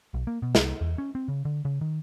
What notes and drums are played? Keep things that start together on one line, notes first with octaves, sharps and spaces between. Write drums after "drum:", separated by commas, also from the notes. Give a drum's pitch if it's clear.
B1
A#3
B2
C2, drum: snare
E2
C#4
C4
C#3
D3
C#3
D#3